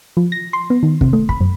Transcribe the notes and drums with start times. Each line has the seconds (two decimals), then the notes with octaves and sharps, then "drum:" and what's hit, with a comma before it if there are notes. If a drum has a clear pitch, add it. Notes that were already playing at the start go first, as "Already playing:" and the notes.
0.17 F3
0.32 A#6
0.53 C6
0.70 B3
0.83 D#3
1.01 C3, drum: kick
1.13 A3
1.29 B5, drum: kick
1.41 F#2